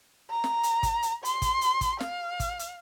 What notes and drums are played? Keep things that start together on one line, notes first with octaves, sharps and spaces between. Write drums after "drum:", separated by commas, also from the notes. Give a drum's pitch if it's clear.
A#5
drum: snare
drum: hi-hat
drum: kick, hi-hat
drum: hi-hat
C6, drum: hi-hat
drum: kick, hi-hat
drum: hi-hat
drum: kick, hi-hat
F5, drum: snare
drum: kick, hi-hat
drum: hi-hat